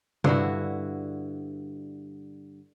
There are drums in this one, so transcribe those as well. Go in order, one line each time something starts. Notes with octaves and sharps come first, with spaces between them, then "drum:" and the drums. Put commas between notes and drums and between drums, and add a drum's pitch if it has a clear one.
G2 D3 E4 F#4, drum: tom C3